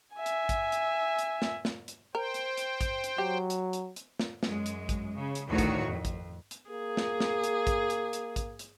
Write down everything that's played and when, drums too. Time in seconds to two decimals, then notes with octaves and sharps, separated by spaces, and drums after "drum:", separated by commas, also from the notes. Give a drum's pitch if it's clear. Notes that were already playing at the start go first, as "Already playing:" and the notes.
0.15 E5 G#5
0.26 drum: hi-hat
0.49 drum: kick A1, hi-hat
0.72 drum: hi-hat
1.19 drum: hi-hat
1.42 drum: snare
1.65 drum: snare
1.88 drum: hi-hat
2.15 A#4 C5 G5
2.34 drum: hi-hat
2.57 drum: hi-hat
2.81 drum: kick A1, hi-hat
3.04 drum: hi-hat
3.18 F#3 G4
3.50 drum: hi-hat
3.73 drum: hi-hat
3.96 drum: hi-hat
4.20 drum: snare
4.43 F#2 G#3, drum: snare
4.66 drum: hi-hat
4.89 drum: kick A1, hi-hat
5.17 C#3
5.35 drum: hi-hat
5.48 D2 A2 D#3 F3 F#4 C#5
5.58 drum: kick A1, hi-hat
5.87 F2
6.05 drum: kick A1, hi-hat
6.51 drum: hi-hat
6.70 A#3 G#4
6.97 drum: snare
7.20 drum: snare
7.44 drum: hi-hat
7.67 drum: kick A1, hi-hat
7.90 drum: hi-hat
8.13 drum: hi-hat
8.36 drum: kick A1, hi-hat
8.59 drum: hi-hat